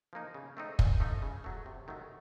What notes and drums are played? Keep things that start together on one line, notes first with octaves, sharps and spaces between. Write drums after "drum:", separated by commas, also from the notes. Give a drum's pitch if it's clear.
F3 A#3 D#4
C#3
A3 C4 D#4
A#2, drum: kick
F3 A3 D#4
C#3
F#3 A3
C3
D#3 F#3 A3